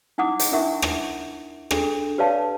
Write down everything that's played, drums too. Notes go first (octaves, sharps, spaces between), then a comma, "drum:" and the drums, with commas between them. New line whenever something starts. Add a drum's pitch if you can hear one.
D#4 E4 F#5 D6 D#6
drum: hi-hat
D4 E4 A#4 E5 F#5 C#6
drum: rim click
D4 G#4 A4, drum: rim click
G4 B4 C#5 D5 F5 A5